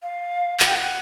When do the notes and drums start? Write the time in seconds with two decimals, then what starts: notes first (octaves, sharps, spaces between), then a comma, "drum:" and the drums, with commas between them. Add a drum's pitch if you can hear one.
0.02 F5
0.60 F#5, drum: clap
0.67 G5
0.74 F#5